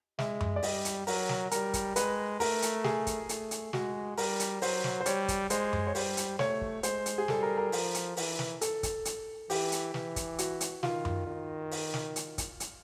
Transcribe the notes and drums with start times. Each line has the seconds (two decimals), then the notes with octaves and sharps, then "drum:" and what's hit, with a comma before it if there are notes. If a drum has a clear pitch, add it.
0.19 G#3 E5, drum: snare
0.40 drum: tom F#2
0.56 D5
0.63 G3 D#5, drum: open hi-hat
0.85 drum: hi-hat
1.07 F#3 A#4, drum: open hi-hat
1.29 drum: snare
1.51 G3 A#4, drum: hi-hat
1.74 drum: kick, hi-hat
1.96 G#3 B4, drum: hi-hat
2.40 A3 A#4, drum: open hi-hat
2.62 drum: hi-hat
2.84 G#4, drum: snare
3.07 drum: kick, hi-hat
3.29 A3, drum: hi-hat
3.51 drum: hi-hat
3.73 G#3 F#4, drum: snare
4.17 G3 A#4, drum: open hi-hat
4.40 drum: hi-hat
4.62 F#3 C5, drum: open hi-hat
4.84 drum: snare
5.01 C5
5.06 G3 C#5, drum: hi-hat
5.28 drum: kick, hi-hat
5.50 G#3 C5, drum: hi-hat
5.73 drum: tom F#2
5.87 C#5
5.95 G3 C5, drum: open hi-hat
6.17 drum: hi-hat
6.39 A3 C#5, drum: snare
6.61 drum: kick
6.83 G#3 C5, drum: hi-hat
7.06 drum: hi-hat
7.18 G#4
7.28 G3 A4, drum: snare
7.43 A#4
7.58 A#4
7.72 F3, drum: open hi-hat
7.94 drum: hi-hat
8.17 E3, drum: open hi-hat
8.39 drum: snare
8.61 A4, drum: hi-hat
8.83 drum: kick, hi-hat
9.05 drum: hi-hat
9.50 E3 G4, drum: open hi-hat
9.72 drum: hi-hat
9.94 E3, drum: snare
10.16 drum: kick, hi-hat
10.38 F#4, drum: hi-hat
10.61 drum: hi-hat
10.83 D#3 F4, drum: snare
11.05 drum: tom F#2
11.27 D#3
11.71 drum: open hi-hat
11.94 drum: snare
12.16 drum: hi-hat
12.38 drum: kick, hi-hat
12.60 drum: hi-hat